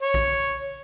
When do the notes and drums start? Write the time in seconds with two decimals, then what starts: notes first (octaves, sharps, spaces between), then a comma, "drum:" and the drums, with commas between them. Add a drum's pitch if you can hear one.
0.02 C#5
0.14 drum: kick A#1